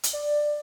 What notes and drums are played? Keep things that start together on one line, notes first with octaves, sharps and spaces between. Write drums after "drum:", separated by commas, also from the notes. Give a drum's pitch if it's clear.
drum: hi-hat
D5